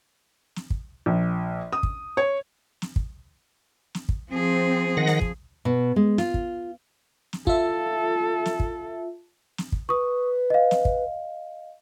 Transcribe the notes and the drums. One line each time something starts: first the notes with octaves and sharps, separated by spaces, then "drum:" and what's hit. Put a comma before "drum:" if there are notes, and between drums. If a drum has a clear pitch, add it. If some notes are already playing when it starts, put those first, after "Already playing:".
drum: snare
drum: kick
A#1
D#6
drum: kick
C#5
drum: snare
drum: kick
drum: snare
drum: kick
F3 C4 G#4
D#3 F#5 A#6
drum: snare
drum: kick
B2
G#3
F4, drum: snare
drum: kick
drum: snare
F4 A4 E5, drum: kick
drum: snare
drum: kick
drum: snare
drum: kick
B4 C#6 D#6
D#5 F5
drum: snare
drum: kick